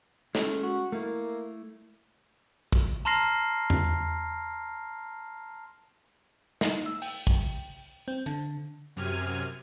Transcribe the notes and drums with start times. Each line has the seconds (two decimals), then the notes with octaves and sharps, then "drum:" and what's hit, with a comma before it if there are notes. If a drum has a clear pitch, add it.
0.35 G#3 A3 C#4, drum: snare
0.63 F#4
0.92 A3 A#3 E4
2.72 drum: kick
3.05 A5 A#5 C6 F6 A#6 C7
3.70 drum: tom E2
6.61 D#4, drum: snare
6.86 E6
7.02 G5, drum: open hi-hat
7.27 drum: kick
8.08 C4
8.26 D3, drum: hi-hat
8.96 F#2 C3 F6 G#6 D#7